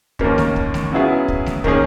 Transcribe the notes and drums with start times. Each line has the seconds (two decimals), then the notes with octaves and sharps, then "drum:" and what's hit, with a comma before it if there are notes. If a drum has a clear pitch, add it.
0.19 D#2 D#3 A#3 C#4, drum: kick
0.38 drum: snare
0.56 drum: kick
0.74 drum: snare
0.92 C#3 F#3 B3 E4 G#4
1.28 drum: kick
1.46 drum: snare
1.64 D#3 A#3 C#4 G#4, drum: kick